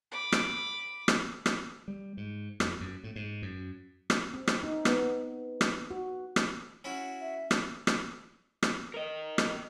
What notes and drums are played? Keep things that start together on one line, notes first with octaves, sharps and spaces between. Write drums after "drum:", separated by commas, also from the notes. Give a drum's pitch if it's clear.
B5 D6
drum: rim click
drum: rim click
drum: rim click
G3
G#2
F2, drum: rim click
F#2
A2
G#2
F#2
drum: rim click
C4
drum: rim click
D#4
B3, drum: rim click
drum: rim click
F#4
drum: rim click
C#4 E4 F#4
E5
D4, drum: rim click
drum: rim click
drum: rim click
A#4 D#5
drum: rim click